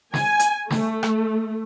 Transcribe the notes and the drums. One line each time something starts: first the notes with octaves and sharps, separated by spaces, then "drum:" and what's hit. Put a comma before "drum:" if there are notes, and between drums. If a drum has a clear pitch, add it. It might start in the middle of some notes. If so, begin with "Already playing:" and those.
G#5, drum: snare
drum: hi-hat
A3, drum: snare
drum: rim click